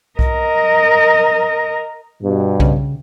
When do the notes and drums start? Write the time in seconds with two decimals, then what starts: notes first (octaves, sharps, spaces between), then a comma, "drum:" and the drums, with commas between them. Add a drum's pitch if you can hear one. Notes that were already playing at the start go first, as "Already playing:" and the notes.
0.19 A#4 D#5, drum: kick B1
2.22 G2 B2
2.60 C#3, drum: kick B1